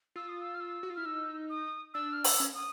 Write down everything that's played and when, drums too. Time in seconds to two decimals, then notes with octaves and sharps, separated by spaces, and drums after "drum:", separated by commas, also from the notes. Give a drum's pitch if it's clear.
0.16 F4 E6
0.29 D#6
0.41 E6
0.54 F6
0.60 E6
0.83 F#4
0.90 F4
0.95 E4 F6
1.05 D#4 E6
1.50 D#6
1.94 D4 E6
2.13 F6
2.25 E6, drum: open hi-hat
2.40 C#4
2.55 D#6